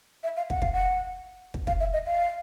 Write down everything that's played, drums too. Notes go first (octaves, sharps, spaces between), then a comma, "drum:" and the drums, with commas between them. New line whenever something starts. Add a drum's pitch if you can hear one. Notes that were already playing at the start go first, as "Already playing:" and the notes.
E5
F5
F#5, drum: kick
F5, drum: kick
F#5
drum: kick
F5, drum: kick
E5
D#5
F5